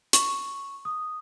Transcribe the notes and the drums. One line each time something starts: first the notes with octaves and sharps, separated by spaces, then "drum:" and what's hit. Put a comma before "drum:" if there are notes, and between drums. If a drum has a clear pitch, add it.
C#6, drum: hi-hat
D#6